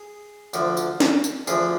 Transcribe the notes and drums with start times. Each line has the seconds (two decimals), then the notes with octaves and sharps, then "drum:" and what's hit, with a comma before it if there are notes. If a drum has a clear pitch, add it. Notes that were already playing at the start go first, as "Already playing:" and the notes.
Already playing: G#4
0.53 D2 D3 F3, drum: tambourine
0.77 drum: tambourine
1.00 drum: snare
1.24 drum: tambourine
1.47 D2 D3 F3 G#4, drum: tambourine